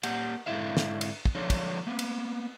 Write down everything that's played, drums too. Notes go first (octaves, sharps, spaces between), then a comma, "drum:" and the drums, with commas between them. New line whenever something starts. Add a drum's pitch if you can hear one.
A#3 G4 F#5, drum: cymbal
G#2 D3 E3 E4 E5 F5
drum: snare
drum: cymbal
drum: kick
D3 F3 F#3 D4 D#4 C#5
drum: kick, cymbal
A#3 B3
drum: cymbal